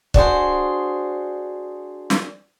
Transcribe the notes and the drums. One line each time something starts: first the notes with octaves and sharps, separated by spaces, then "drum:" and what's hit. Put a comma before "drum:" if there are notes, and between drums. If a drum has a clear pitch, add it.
D4 F#4 G#4 C5, drum: kick C#1
drum: snare